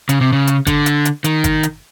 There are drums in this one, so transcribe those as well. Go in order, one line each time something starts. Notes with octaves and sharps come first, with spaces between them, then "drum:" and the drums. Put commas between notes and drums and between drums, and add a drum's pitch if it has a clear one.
C#3, drum: hi-hat
C3
C#3
drum: hi-hat
D3, drum: kick G1, hi-hat
drum: hi-hat
drum: hi-hat
D#3, drum: hi-hat
drum: kick G1, hi-hat
drum: hi-hat